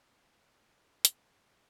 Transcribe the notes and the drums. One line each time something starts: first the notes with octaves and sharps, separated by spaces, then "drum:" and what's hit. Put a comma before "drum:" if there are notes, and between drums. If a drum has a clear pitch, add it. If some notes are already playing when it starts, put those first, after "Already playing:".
Already playing: C4
A#4 D#5
G4
A#4 D5
G4
A#4 D5
C#4 G#4, drum: hi-hat
C#5 E5
G#4